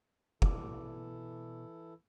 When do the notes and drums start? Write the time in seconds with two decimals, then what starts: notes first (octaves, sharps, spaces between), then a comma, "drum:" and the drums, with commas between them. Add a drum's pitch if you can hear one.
0.42 B2 E3 E4 A4 D5, drum: kick